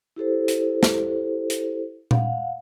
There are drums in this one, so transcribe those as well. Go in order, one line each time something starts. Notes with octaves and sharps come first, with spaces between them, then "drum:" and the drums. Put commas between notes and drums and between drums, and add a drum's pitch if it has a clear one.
E4 G4 A4 C5
drum: hi-hat
drum: snare
drum: hi-hat
F5 F#5, drum: tom A#2